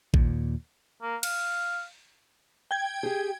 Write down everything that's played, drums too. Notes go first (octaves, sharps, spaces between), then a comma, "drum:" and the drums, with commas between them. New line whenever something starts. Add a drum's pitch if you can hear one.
D#2 A#2, drum: kick A1
A#3
F5, drum: cymbal
G5 G#6
G4 G#4